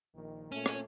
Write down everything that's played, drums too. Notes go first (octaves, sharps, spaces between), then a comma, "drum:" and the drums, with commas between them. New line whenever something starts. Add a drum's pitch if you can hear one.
A#1 D#3
A#2 A3 C#4
drum: rim click